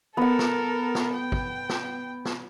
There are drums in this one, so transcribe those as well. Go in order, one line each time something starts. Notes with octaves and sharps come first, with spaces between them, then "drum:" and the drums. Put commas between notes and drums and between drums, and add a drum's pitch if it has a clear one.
B3 A4 A#4 F#5
drum: snare
drum: snare
G5
drum: kick
drum: snare
drum: snare